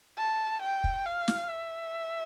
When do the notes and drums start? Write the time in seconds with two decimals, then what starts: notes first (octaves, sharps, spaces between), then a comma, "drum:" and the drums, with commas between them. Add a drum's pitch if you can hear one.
0.18 A5
0.62 G5
0.84 drum: kick
1.06 F5
1.28 drum: snare
1.50 E5